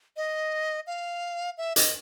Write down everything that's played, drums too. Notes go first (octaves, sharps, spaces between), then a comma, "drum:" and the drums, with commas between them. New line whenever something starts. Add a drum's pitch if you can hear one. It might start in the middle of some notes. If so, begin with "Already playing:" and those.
D#5
F5
E5
D#5, drum: hi-hat